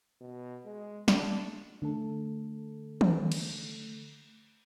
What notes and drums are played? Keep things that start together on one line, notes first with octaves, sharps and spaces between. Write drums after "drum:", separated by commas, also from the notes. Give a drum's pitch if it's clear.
B2
G#3
D4, drum: snare
D3 A3 A4
drum: tom
drum: cymbal